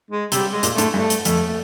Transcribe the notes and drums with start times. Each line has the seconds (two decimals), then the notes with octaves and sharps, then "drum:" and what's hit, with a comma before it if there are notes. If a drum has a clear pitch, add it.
0.10 G#3
0.32 C3 G3, drum: hi-hat
0.52 G#3
0.63 A#2, drum: hi-hat
0.73 A3
0.78 A2, drum: hi-hat
0.94 G2 A3
1.10 drum: hi-hat
1.25 F2 A3, drum: hi-hat
1.47 A3